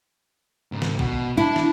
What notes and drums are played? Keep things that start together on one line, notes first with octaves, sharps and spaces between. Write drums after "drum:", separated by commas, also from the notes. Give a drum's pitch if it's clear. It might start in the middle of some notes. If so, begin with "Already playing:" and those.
G#2 C#3
drum: snare
B2, drum: kick
D4 E4 A5
drum: snare